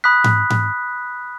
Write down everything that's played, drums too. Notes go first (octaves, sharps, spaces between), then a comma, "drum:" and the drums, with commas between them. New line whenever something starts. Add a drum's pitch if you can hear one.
B5 D#6 F#6 B6
drum: tom G#2
drum: tom G#2